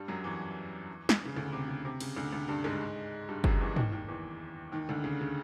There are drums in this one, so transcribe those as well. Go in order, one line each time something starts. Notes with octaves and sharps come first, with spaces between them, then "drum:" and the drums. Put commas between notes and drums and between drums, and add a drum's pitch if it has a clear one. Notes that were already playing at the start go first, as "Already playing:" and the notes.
Already playing: G2 G3
F#2 F#3
E2 E3
drum: snare
C#3
D2 D3
C3
C#3
C3
C#3, drum: cymbal
D2 D3
D2 D3
G2 G3
G#2 G#3
G2 G3
F#2 F#3, drum: kick
E2 E3
D#2 D#3, drum: tom
D#2 D#3
E2 E3
D#2 D#3
D2 D3
C#3
C#3